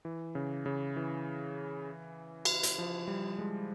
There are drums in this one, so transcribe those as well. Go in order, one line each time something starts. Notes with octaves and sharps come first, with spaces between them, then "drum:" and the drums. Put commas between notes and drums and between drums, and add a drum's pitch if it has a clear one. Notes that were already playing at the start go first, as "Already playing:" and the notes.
E3
C#3
C#3
E3
drum: cymbal
drum: hi-hat
F3
G3
G#3